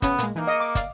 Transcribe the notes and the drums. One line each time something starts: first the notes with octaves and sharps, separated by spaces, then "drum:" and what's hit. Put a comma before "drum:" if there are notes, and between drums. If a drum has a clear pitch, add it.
C#3 B3 C#4, drum: kick, hi-hat
A#2 G#3, drum: hi-hat
E3 A#3 D#4
D#5 F5 D#6 C#7
D6
D5 F5, drum: kick, hi-hat